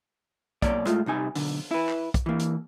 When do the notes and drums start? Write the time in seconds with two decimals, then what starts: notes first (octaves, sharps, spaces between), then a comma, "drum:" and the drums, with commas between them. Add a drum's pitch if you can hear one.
0.62 B1 A#3 C#5 D5, drum: kick, hi-hat
0.87 A2 G#3 A3 F4, drum: hi-hat
1.06 C2 C3 D#4 G#5
1.35 B1 D3, drum: open hi-hat
1.71 E4 B4
1.89 drum: clap
2.14 drum: kick, hi-hat
2.26 E3 A#3
2.40 drum: hi-hat